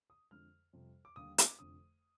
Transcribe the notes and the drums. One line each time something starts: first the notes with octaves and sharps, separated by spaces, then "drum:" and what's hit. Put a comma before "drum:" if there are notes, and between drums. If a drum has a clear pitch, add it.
D#6
F2 D3 G#3 F6
F2 C3 G3
D6
D#2 D3 G3 D#6
D6, drum: hi-hat
F1 F2 D3 D#6